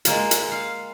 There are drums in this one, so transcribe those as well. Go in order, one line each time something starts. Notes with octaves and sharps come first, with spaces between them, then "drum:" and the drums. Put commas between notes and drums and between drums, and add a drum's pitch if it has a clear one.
G#3 A#3 F4, drum: hi-hat
drum: hi-hat
F5 F#5